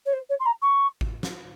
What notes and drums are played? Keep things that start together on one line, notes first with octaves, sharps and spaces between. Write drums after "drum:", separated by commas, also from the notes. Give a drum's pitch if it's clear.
C#5
C5
C#5
C6
A#5
C#6
drum: kick G#1
drum: snare